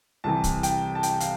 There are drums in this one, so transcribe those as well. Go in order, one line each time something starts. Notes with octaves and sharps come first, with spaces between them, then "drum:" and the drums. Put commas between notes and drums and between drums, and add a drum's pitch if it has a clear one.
C2 C3 E3 A5
drum: kick, hi-hat
G5, drum: hi-hat
A5
G5, drum: hi-hat
F5, drum: hi-hat